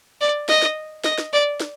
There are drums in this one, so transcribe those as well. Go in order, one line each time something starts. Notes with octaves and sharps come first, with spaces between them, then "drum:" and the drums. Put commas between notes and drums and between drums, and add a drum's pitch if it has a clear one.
D5
D#5, drum: snare
drum: snare
D#5, drum: snare
drum: snare
D5
drum: snare